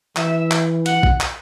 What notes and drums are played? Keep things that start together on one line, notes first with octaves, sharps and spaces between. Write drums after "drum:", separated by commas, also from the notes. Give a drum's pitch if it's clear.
E3 E5, drum: clap
drum: clap
F#5, drum: hi-hat
drum: kick
drum: clap